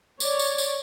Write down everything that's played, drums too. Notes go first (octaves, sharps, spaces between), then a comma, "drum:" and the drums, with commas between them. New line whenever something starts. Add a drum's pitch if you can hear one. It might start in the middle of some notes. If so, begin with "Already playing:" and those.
C#5 D5, drum: tambourine
drum: tambourine
drum: tambourine